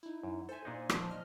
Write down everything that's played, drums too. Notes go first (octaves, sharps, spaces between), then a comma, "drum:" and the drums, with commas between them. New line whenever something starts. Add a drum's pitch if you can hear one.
D#4 E4
F#2
A4 C5 E5 G#5
A#2 D4 D#4
F3, drum: rim click
F3 D#5 F6